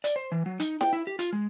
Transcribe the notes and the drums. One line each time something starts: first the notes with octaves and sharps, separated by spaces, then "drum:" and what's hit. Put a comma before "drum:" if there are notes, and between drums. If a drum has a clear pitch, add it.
D5, drum: hi-hat
C5
E3
F#3
D#4, drum: hi-hat
G5, drum: snare E4
E4
G4
F4, drum: hi-hat
G#3